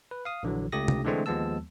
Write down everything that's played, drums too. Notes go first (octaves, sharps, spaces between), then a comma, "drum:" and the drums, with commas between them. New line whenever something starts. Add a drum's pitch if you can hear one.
B4
F5 D#6
A#1 D3 E3 F#3
C#2 A3 G4 D#6 A#6
drum: tom C3
D3 E3 G#3 A3 C4 D4
D#2 F3 G#3 B3 A5 E6